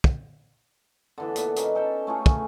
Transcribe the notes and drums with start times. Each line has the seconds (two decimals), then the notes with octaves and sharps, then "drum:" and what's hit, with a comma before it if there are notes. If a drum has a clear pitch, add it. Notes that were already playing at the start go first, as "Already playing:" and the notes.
0.04 drum: kick
1.18 D3 E3 B3
1.36 A#2 B3 F4, drum: hi-hat
1.56 B3 C#4 D#4, drum: hi-hat
1.75 A4 G5 A5
2.07 A3 C#4 F4 G#4
2.26 C#4, drum: kick